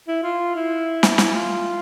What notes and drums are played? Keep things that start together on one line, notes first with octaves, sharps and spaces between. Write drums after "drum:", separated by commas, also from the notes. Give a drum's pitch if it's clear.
E4
F4
E4
drum: snare
E4, drum: snare
F4